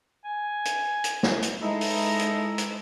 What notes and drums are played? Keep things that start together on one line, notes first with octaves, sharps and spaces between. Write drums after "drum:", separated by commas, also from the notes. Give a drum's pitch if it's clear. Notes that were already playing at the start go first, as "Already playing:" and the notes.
G#5
drum: hi-hat
drum: hi-hat
drum: snare
drum: hi-hat
G#3 D#4 E4 A4 A#5
drum: open hi-hat
drum: hi-hat
drum: hi-hat